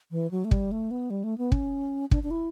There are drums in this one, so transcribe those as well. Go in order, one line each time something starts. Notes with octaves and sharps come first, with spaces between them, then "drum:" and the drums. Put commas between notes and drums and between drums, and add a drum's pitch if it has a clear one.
E3
F#3
A3
G3, drum: kick
A3
B3
G3
A3
B3
C#4, drum: kick
D4, drum: kick
D4
E4